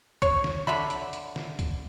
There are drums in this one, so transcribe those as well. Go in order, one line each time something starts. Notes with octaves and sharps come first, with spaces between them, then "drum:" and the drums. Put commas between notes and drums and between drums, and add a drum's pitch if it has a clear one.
C#5, drum: kick C2, hi-hat
drum: snare
D3 E5 B5, drum: snare
drum: hi-hat
drum: hi-hat
drum: snare
drum: kick C2, hi-hat